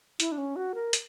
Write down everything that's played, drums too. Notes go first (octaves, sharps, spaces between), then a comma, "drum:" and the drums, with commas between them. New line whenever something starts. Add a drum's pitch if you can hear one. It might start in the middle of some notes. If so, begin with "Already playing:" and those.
E4, drum: hi-hat
D4
C#4
F#4
A#4
drum: hi-hat